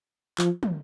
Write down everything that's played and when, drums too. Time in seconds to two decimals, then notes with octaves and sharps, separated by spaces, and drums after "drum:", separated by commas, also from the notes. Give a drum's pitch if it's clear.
0.38 F3, drum: clap
0.63 drum: tom